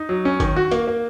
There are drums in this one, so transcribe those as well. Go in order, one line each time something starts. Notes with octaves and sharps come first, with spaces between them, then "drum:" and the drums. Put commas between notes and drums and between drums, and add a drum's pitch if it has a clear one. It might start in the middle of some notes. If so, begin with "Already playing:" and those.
Already playing: D#4
F#3
C#4
D#3, drum: kick, hi-hat
F#4
A#3, drum: hi-hat
A#3